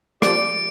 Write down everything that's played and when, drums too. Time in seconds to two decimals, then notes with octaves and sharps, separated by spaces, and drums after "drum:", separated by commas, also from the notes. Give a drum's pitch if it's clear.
0.22 F3 C4 G4 D5 D7, drum: rim click